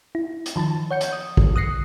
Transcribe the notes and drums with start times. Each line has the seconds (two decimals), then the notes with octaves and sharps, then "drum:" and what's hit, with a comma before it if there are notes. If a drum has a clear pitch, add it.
0.15 E4
0.46 drum: hi-hat
0.56 D#3 F3 A5 A6
0.91 C#5 F#5 G6 C#7
1.01 drum: hi-hat
1.13 D#6
1.37 drum: kick
1.56 D#6 F#6 A#6 C7 C#7